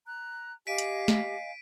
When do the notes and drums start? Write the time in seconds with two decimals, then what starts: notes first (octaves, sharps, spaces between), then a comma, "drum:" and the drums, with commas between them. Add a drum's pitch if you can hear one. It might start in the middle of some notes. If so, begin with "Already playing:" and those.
0.06 A#5 F#6
0.67 G4 D#5 F5 G#5 B6 D7 D#7
0.78 drum: hi-hat
1.08 drum: snare